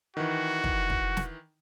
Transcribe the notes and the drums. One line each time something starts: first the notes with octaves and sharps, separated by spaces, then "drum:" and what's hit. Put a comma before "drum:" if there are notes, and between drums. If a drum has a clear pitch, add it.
D#3 E3 F#4
drum: kick
drum: kick
drum: snare